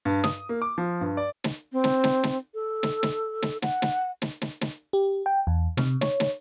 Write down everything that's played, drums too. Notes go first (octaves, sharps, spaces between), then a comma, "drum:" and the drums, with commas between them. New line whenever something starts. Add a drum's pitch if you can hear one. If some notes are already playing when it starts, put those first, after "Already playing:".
G2
D#6, drum: snare
A#3
D6
F3
G2
D5
drum: snare
C4
drum: snare
drum: snare
drum: snare
A4
drum: snare
drum: snare
drum: snare
F#5, drum: snare
drum: snare
drum: snare
drum: snare
drum: snare
G4
G5
E2
C3, drum: snare
C#5, drum: snare
drum: snare